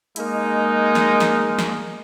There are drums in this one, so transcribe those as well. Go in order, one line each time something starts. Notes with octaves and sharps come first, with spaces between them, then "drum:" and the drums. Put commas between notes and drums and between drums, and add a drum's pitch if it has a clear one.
G#3 A#3 D#4, drum: hi-hat
drum: snare
drum: snare
drum: snare